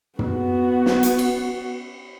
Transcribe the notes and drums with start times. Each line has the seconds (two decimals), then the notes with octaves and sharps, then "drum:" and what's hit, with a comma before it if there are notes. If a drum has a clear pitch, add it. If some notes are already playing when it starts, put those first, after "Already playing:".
0.19 B3 F#4, drum: tom
0.86 drum: snare
1.03 drum: hi-hat
1.18 drum: cymbal